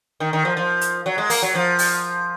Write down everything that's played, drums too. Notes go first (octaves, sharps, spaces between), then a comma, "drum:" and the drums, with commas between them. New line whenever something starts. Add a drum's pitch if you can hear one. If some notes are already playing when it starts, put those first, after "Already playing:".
D#3
D#3
F3
F3
drum: hi-hat
F#3
G#3
A#3, drum: open hi-hat
F#3
F3
drum: open hi-hat